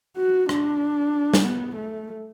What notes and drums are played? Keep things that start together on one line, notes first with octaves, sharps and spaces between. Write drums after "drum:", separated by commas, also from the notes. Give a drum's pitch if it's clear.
F#4
D4, drum: rim click
drum: snare
B3
A3